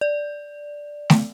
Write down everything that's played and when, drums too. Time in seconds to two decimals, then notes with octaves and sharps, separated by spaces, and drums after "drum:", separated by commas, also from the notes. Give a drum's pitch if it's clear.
0.01 D5
1.10 drum: snare